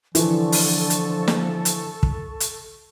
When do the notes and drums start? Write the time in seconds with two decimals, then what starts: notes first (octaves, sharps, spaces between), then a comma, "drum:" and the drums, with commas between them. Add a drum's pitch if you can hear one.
0.15 D3 E3 F3 A4 C#6, drum: hi-hat
0.52 drum: open hi-hat
0.90 drum: hi-hat
1.28 drum: snare
1.65 drum: hi-hat
2.03 drum: kick
2.40 drum: hi-hat